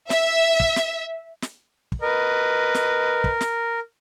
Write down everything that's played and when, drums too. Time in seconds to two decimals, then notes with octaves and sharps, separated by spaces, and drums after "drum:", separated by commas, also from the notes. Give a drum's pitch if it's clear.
0.10 E5, drum: snare
0.60 drum: kick
0.76 drum: snare
1.42 drum: snare
1.92 drum: kick
2.01 A#4 B4 D#5
2.74 drum: snare
3.24 drum: kick
3.41 drum: snare